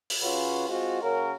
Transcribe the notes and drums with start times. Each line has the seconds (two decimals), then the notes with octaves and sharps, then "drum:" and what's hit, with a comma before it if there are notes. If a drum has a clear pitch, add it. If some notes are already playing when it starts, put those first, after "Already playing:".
0.10 drum: open hi-hat
0.22 C#3 C#4 F4 F#4 B4
0.69 G#3 C4 F4 F#4
1.01 C#3 A#3 C#4 F#4 A#4